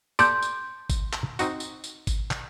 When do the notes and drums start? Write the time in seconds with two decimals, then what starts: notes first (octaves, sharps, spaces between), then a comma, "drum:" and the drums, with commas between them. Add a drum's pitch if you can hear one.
0.19 G4 A4 D5 C6 G6, drum: tambourine
0.42 drum: tambourine
0.90 drum: kick G1, tambourine
1.13 drum: clap
1.39 C4 D#4 F#4, drum: tambourine
1.60 drum: tambourine
1.84 drum: tambourine
2.07 drum: kick G1, tambourine
2.31 drum: clap